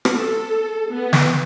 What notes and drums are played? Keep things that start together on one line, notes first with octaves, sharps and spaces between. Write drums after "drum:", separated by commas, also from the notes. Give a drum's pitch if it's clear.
drum: rim click
A4
B3
drum: snare